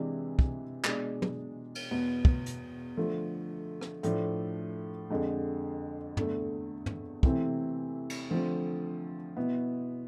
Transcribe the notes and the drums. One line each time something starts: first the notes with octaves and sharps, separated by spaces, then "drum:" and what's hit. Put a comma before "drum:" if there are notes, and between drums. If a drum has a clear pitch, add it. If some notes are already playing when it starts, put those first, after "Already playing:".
Already playing: C3 E3 G#3 D4
drum: kick
B2 G#3 D4, drum: clap
drum: tom
drum: cymbal
E2 B2 B3
drum: kick
drum: hi-hat
D3 F3 A3
drum: rim click
A2 F3 A3 D4, drum: hi-hat
F2 D3 G#3
E2 D3 A3, drum: tom
drum: tom
C3 E3 A3 C4 E4, drum: kick
drum: cymbal
D3 F3 A3 C4
B2 B3 E4